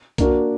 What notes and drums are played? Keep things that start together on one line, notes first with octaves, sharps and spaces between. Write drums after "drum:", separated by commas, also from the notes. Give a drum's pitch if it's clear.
A#3 D4 F#4 A#4, drum: kick, hi-hat